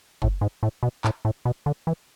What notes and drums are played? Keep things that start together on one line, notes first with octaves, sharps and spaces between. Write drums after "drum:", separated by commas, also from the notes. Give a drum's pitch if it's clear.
A2, drum: kick F#1
G#2
A2
B2
A2, drum: clap
A2
B2
D3
E3